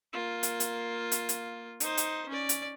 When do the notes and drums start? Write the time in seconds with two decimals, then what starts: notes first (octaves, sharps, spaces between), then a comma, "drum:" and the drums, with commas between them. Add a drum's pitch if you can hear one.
0.13 A#3 F4
0.43 drum: hi-hat
0.60 drum: hi-hat
1.12 drum: hi-hat
1.29 drum: hi-hat
1.80 D#4 C5, drum: hi-hat
1.97 drum: hi-hat
2.29 C#4 D5
2.49 drum: hi-hat